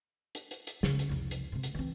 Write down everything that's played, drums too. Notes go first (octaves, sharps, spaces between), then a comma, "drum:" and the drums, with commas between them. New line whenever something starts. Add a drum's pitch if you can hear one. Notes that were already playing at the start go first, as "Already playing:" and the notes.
drum: hi-hat
drum: hi-hat
drum: hi-hat
C#3, drum: snare
drum: hi-hat
C2 F2
drum: hi-hat
G#2 C3
drum: hi-hat
E3 C4